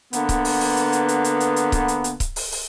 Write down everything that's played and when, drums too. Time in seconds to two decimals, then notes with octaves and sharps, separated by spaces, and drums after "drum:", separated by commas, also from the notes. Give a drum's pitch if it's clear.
0.13 D3 A#3 B3, drum: hi-hat
0.29 drum: kick C#1, hi-hat
0.45 drum: open hi-hat
0.61 drum: open hi-hat
0.77 drum: hi-hat
0.93 drum: hi-hat
1.08 drum: hi-hat
1.24 drum: hi-hat
1.40 drum: hi-hat
1.56 drum: hi-hat
1.72 drum: kick C#1, hi-hat
1.88 drum: hi-hat
2.04 drum: hi-hat
2.20 drum: kick C#1, hi-hat
2.36 drum: open hi-hat
2.52 drum: open hi-hat